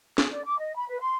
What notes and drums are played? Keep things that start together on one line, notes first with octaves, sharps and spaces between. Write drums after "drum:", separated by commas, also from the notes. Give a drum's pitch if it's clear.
G#4, drum: snare
D5
D6
D#5
B5
B4
C6